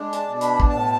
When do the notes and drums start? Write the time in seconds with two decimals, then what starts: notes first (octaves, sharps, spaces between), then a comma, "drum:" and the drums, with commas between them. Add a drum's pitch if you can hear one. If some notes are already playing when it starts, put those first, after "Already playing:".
Already playing: G#3 D4
0.13 A5, drum: hi-hat
0.27 B2
0.41 B5, drum: hi-hat
0.60 drum: kick
0.69 A2 A5